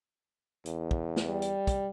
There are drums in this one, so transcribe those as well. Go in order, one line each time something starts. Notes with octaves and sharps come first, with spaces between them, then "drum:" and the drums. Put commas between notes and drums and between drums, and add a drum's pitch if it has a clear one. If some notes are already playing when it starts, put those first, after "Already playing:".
E2, drum: hi-hat
drum: kick
drum: snare
G3
drum: hi-hat
drum: kick, hi-hat